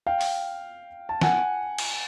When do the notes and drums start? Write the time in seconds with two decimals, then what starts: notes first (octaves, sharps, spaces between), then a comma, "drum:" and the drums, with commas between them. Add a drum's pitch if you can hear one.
0.07 F5 G5
0.21 drum: open hi-hat
1.09 A5
1.21 F#5 G#5, drum: snare
1.78 drum: cymbal